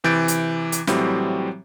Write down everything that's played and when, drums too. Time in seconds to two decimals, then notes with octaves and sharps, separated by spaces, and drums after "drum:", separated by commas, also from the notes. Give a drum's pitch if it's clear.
0.04 C3 E3 G6 A6 D7
0.28 drum: hi-hat
0.72 drum: hi-hat
0.87 A2 E3 F#3 G3 C4 G4, drum: snare